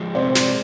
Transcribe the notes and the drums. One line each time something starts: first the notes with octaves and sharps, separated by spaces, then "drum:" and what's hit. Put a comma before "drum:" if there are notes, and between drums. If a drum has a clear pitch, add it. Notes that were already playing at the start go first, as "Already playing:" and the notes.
Already playing: F3 G#3
C3 C5 D5
drum: snare